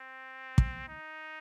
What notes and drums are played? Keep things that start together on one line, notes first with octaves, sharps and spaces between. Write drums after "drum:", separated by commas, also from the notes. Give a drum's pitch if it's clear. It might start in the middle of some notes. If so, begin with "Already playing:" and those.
Already playing: C4
drum: kick
D#4